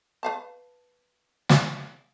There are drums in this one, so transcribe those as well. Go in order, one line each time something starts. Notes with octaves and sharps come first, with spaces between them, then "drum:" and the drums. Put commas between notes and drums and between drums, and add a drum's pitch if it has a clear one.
B4 F5 A5
drum: snare